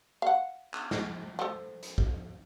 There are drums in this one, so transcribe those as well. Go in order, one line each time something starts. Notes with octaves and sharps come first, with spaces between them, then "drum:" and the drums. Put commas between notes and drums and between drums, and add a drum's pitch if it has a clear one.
F5 F#5
drum: clap
drum: snare
F3 A4
drum: hi-hat
drum: kick